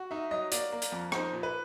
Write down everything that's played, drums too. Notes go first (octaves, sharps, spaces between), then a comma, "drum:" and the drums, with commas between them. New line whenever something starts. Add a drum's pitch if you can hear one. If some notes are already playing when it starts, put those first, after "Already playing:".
Already playing: F#4
D#4 E5
F#3 D#5
A#3 D5, drum: hi-hat
A#3
drum: hi-hat
F2
D#4 C5, drum: rim click
A#2
B4